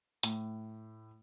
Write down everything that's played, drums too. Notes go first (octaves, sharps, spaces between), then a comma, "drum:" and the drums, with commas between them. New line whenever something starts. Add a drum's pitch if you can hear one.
A2, drum: hi-hat